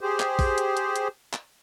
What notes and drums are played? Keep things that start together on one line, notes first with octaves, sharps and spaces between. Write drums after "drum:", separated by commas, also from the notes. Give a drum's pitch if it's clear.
G4 G#4 C5
drum: clap
drum: kick, open hi-hat
drum: hi-hat
drum: hi-hat
drum: hi-hat
drum: clap